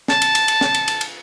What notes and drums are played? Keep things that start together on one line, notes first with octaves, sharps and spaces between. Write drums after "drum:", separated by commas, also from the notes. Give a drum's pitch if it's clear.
A5, drum: snare
drum: cymbal
drum: cymbal
drum: cymbal
drum: snare
drum: cymbal
drum: cymbal
drum: cymbal